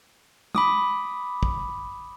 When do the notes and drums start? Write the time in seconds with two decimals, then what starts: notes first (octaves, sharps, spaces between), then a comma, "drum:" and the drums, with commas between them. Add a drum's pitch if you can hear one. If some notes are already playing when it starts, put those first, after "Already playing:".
0.55 B5 D6 D#6, drum: tom G#3
1.43 drum: kick